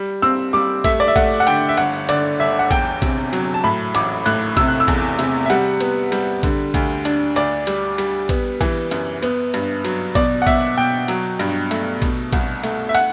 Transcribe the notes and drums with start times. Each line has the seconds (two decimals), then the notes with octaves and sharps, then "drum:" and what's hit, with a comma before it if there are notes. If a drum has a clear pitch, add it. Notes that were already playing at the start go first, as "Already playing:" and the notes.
Already playing: G3
0.22 C4 E6
0.53 G3 D6
0.84 A3 E5, drum: kick, cymbal
1.00 D5
1.08 E5
1.16 A3 F#5, drum: kick, cymbal
1.40 F#5
1.47 D3 G5, drum: cymbal
1.69 E5
1.77 G1 F#5, drum: cymbal
2.09 D3 D5, drum: cymbal
2.40 G1 E5
2.59 F#5
2.71 E2 G5, drum: kick, cymbal
3.02 C3, drum: kick, cymbal
3.33 F#3, drum: cymbal
3.54 A5
3.64 A2 B5
3.95 A1 D6, drum: cymbal
4.26 A2 F#6, drum: cymbal
4.57 C3 E6, drum: kick, cymbal
4.68 F#6
4.80 E6
4.88 E2, drum: kick, cymbal
5.19 C3, drum: cymbal
5.45 E5
5.50 G3 F#5, drum: cymbal
5.81 B3, drum: cymbal
6.12 G3, drum: cymbal
6.43 D3, drum: kick, cymbal
6.74 D2, drum: kick, cymbal
7.05 D4, drum: cymbal
7.36 D2 D5, drum: cymbal
7.67 G3, drum: cymbal
7.98 G3, drum: cymbal
8.29 B3, drum: kick, cymbal
8.61 E3, drum: kick, cymbal
8.91 F#2, drum: cymbal
9.22 B3, drum: cymbal
9.54 G2, drum: cymbal
9.84 F#3, drum: cymbal
10.15 B2 D5, drum: kick, cymbal
10.42 F#5
10.47 B2 E5, drum: kick, cymbal
10.77 B2 G5
11.08 F#3, drum: cymbal
11.39 G2, drum: cymbal
11.71 A3, drum: cymbal
12.02 B2, drum: kick, cymbal
12.33 C2, drum: kick, cymbal
12.63 A3, drum: cymbal
12.89 E5
12.95 F#5, drum: cymbal